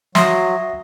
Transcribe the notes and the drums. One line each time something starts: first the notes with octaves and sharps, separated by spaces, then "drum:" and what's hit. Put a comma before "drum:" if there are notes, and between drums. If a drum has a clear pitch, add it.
F#3 E5 C6 D#6 A#6, drum: snare